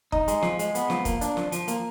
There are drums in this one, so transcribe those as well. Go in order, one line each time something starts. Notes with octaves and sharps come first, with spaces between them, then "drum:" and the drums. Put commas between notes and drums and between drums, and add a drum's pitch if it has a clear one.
D#4, drum: kick
G#3, drum: hi-hat
F3, drum: snare
G#3, drum: hi-hat
B3, drum: hi-hat
F3, drum: snare
A#3, drum: kick, hi-hat
D4, drum: hi-hat
F3, drum: snare
F3, drum: hi-hat
A#3, drum: hi-hat